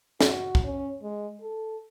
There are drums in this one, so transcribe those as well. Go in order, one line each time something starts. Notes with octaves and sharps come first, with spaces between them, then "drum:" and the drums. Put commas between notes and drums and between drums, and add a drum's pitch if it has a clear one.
F#4, drum: snare
drum: kick
C#4
G#3
A4